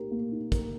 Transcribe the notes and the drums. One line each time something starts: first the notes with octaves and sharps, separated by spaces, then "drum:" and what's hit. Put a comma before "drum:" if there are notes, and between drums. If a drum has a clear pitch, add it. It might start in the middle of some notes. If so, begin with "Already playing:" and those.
Already playing: A#3 D#4 G4 A#4
A#3
D#4
A#4, drum: kick, hi-hat